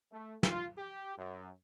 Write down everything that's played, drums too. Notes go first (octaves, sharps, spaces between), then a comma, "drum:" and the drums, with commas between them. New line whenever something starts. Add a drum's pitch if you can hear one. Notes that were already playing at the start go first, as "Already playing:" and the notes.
A3
F4, drum: snare
G4
F#2